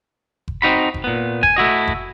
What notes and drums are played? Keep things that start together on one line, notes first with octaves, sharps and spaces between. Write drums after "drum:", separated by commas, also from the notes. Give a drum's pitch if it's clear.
drum: kick F#1
C4 D#4 F#4 B5
drum: kick F#1
A#2 B3
G#5, drum: kick F#1
A3 E4 F#4 D#5
drum: kick F#1